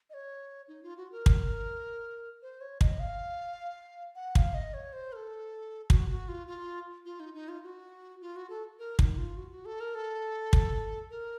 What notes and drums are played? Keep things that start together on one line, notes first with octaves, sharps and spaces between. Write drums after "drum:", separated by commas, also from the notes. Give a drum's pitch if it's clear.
D#5
C#5
D#4
F4
F#4
A#4
drum: kick
C5
C#5
D#5, drum: kick
F5
F#5
F5, drum: kick
D#5
C#5
C5
A#4
A4
F#4, drum: kick
F#4
F4
F4
F4
D#4
D#4
F4
F#4
F4
F#4
A4
A#4
D#4, drum: kick
F4
F#4
F#4
A4
A#4
A4
drum: kick
A#4